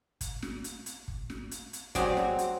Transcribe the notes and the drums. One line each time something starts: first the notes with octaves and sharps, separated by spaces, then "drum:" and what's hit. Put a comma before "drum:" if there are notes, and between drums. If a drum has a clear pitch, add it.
drum: kick, hi-hat
drum: snare
drum: hi-hat
drum: hi-hat
drum: kick
drum: snare
drum: hi-hat
drum: hi-hat
F#3 C4 G4 G#4 D5, drum: kick, hi-hat
drum: snare
drum: hi-hat